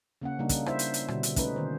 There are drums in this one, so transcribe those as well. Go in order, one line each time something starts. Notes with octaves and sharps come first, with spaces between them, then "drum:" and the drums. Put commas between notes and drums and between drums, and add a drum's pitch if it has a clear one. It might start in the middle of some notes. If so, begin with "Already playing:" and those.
C#3 A#3 C#4 F#5
C#3 G3 A#3 D4 D#4
drum: kick, hi-hat
E4 C5 E5, drum: rim click
drum: hi-hat
drum: hi-hat
B2 D3 G3, drum: rim click
drum: hi-hat
A3 C#4 D#4 B4, drum: kick, hi-hat
D3 D#3 B3 C5